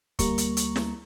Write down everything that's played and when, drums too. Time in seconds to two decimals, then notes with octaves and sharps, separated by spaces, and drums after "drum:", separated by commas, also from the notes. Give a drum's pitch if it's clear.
0.19 D2 G3 A#3 A#5 C#6, drum: kick, hi-hat
0.38 drum: hi-hat
0.57 drum: hi-hat
0.76 drum: snare